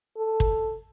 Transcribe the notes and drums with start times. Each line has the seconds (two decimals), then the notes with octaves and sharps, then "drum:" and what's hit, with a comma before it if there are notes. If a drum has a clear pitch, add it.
0.17 A4
0.40 drum: kick